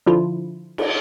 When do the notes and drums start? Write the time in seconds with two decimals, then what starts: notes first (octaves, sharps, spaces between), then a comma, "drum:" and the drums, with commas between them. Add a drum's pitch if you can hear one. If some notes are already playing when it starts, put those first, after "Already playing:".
0.06 D3 F3 D4 E4 F4
0.78 drum: cymbal